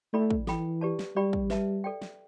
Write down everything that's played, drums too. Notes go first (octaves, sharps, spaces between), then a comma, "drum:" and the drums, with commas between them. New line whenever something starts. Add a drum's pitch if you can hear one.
A3 E4 A4 D5 G5 B5
drum: kick
E3 A4 G5 B5, drum: snare
G4 B4 D5 A5
drum: snare
G3 G4 D5 G5 B5
drum: kick
B4 E5 A5, drum: snare
A4 D5 G5
drum: snare